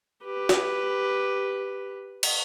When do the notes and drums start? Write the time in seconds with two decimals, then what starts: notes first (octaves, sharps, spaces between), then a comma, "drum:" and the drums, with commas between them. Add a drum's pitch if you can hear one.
0.24 G4 B4
0.49 drum: snare
2.23 drum: cymbal